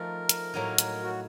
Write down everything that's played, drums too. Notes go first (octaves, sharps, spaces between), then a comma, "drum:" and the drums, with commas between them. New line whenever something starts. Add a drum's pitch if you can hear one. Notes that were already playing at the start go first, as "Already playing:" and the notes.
Already playing: F3 A3 D#4 A#4
drum: hi-hat
A2 F#3 A#3 D#4
drum: hi-hat
F#4